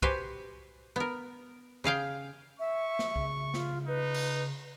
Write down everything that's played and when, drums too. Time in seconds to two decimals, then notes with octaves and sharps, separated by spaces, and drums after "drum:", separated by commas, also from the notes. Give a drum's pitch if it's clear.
0.02 F#4 G4 B4 C5 G#5, drum: kick
0.96 B3 A#4
1.84 C#3 G#4 F5 G5
2.60 E5 C#6
2.99 drum: snare
3.16 C#3, drum: kick
3.54 F4, drum: snare
3.88 D#4 B4
4.14 drum: cymbal